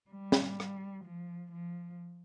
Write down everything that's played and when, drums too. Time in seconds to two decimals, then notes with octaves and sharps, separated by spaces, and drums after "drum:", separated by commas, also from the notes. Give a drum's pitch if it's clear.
0.11 G3
0.32 drum: snare
0.60 drum: rim click
1.05 F3
1.52 F3